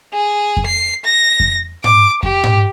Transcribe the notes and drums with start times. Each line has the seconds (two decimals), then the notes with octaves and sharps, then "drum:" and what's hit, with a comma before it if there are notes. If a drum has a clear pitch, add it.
0.13 G#4
0.57 drum: kick F2
0.66 C7
1.05 A#6
1.40 drum: kick F2
1.84 D6, drum: tom G#2
2.23 G4, drum: kick F2
2.44 drum: tom G#2